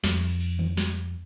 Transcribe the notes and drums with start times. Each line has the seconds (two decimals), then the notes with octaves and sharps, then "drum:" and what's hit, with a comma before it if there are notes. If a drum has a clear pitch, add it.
0.04 F2, drum: snare
0.22 drum: cymbal
0.40 drum: cymbal
0.59 drum: tom D#3
0.77 drum: snare